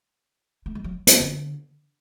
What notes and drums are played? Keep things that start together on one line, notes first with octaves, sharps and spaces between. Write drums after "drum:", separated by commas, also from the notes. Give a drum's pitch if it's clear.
A3
G#3
F#3
drum: hi-hat
D3